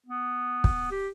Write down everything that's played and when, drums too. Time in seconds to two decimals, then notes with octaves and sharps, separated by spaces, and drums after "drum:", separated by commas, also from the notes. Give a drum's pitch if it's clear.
0.07 B3
0.64 drum: kick
0.91 G4